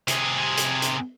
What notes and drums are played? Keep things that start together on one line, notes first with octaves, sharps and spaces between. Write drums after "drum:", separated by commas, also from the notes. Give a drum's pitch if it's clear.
C3 G#4, drum: hi-hat
drum: hi-hat
drum: hi-hat